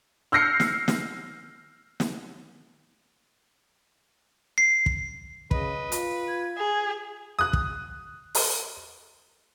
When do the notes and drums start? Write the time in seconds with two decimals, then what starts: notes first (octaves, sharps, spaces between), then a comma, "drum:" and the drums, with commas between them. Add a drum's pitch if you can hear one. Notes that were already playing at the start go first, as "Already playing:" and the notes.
0.32 E6 F6 G6 A#6 C7 C#7
0.60 drum: snare
0.88 drum: snare
2.00 drum: snare
4.58 C7
4.86 drum: kick
5.51 C#3 B4 D#5, drum: kick
5.92 F4, drum: hi-hat
6.28 G#6
6.57 G#4
7.39 D#6 F#6
7.53 drum: kick
8.35 drum: open hi-hat